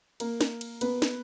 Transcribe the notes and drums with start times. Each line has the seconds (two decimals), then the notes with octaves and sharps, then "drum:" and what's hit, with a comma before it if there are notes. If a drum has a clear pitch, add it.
0.20 A#3 A#4, drum: cymbal
0.41 drum: snare
0.61 drum: cymbal
0.81 B3 B4, drum: cymbal
1.02 drum: snare